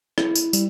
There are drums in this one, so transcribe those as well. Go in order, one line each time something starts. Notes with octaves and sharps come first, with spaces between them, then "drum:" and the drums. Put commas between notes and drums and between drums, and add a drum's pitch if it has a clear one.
E4, drum: rim click
drum: tambourine
G3, drum: tambourine